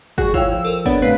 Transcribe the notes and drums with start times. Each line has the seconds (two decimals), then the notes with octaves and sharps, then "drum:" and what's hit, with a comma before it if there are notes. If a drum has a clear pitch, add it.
0.18 G3 F#4 G#4, drum: kick
0.34 E4 F4 C#5 F5 G5 E6, drum: kick
0.51 F3
0.65 A4 A#4
0.86 B3 D4 C#5 D5, drum: kick
1.02 A2 C3 B4 F5 C7